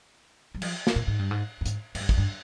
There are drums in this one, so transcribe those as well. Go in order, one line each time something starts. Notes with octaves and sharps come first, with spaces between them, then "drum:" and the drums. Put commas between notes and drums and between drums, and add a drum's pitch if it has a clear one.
G3
F3, drum: cymbal
drum: snare
A#2
G#2
G2
G#2
G2
G#2, drum: hi-hat
G#2, drum: cymbal
G2
F2, drum: kick
G2